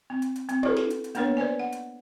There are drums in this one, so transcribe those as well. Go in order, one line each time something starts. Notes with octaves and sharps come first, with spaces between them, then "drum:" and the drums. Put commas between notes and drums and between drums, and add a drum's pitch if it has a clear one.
C4
drum: hi-hat
drum: hi-hat
C4, drum: hi-hat
E4 F#4 A4 B4, drum: tom
drum: snare
drum: hi-hat
drum: hi-hat
A#3 B3 D4 A#4 B4 C#5, drum: hi-hat
B4 C5 D5 G#5
F#5
drum: hi-hat